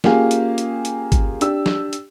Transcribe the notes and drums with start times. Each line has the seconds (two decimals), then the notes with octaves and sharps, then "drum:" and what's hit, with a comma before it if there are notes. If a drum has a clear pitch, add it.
0.04 A#3 C#4 F4 G4 G#4 F5, drum: snare
0.31 drum: hi-hat
0.58 drum: hi-hat
0.85 drum: hi-hat
1.12 drum: kick G#1, hi-hat
1.41 D4 G4 E6, drum: hi-hat
1.66 drum: snare
1.93 drum: hi-hat